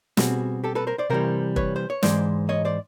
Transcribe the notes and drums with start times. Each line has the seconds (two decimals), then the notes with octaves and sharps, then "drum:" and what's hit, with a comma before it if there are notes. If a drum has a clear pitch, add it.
0.17 B2 G3 C4 F#4 G#4, drum: snare
0.64 G4 A4
0.75 A4 B4
0.87 A#4 C5
0.98 C5 D5
1.10 C3 E3 G3 A#4 C5
1.56 B4 C#5, drum: kick
1.76 C5
1.90 C#5
2.03 G#2 E3 G#3 C5 D5, drum: snare
2.49 C#5 D#5
2.65 C5 D5